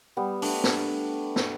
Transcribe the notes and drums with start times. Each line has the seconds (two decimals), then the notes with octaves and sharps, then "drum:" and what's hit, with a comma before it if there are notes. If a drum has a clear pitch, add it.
0.17 G3 B3
0.42 A3 D4, drum: open hi-hat
0.64 drum: snare
1.36 drum: snare